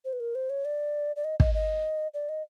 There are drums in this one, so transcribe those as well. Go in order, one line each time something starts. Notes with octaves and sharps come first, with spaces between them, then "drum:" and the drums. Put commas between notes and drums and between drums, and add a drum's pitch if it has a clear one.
C5
B4
A#4
C5
C#5
D5
D5
D#5
D#5, drum: kick
D#5
D5
D#5